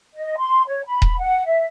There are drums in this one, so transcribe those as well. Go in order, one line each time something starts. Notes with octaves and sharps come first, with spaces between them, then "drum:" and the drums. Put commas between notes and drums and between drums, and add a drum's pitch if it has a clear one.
D#5
C6
C#5
B5
drum: kick D#1
F#5
E5